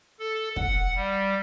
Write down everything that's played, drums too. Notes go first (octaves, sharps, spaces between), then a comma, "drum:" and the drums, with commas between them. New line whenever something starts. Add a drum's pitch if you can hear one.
A4
F#5, drum: kick
G3